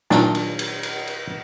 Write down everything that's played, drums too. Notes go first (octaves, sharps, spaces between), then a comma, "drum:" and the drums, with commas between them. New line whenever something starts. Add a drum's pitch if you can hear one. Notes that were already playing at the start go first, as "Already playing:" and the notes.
A#2 D#3 F#3 D4, drum: snare
drum: cymbal
drum: cymbal
drum: cymbal
drum: cymbal